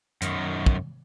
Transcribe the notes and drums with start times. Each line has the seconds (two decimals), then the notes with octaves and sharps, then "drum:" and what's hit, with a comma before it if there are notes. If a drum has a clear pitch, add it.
0.22 F#2 D#3, drum: hi-hat
0.66 drum: kick